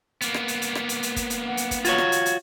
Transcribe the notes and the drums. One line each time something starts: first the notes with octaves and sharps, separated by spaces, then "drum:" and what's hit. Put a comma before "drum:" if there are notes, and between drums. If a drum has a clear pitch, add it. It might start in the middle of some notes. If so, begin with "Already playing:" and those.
A#3 B3, drum: hi-hat
drum: rim click
drum: hi-hat
drum: hi-hat
drum: rim click
drum: hi-hat
drum: hi-hat
drum: kick, hi-hat
drum: hi-hat
F#5
drum: hi-hat
drum: kick, hi-hat
F4 F#4 C#5 G#6, drum: hi-hat
drum: rim click
drum: hi-hat
drum: hi-hat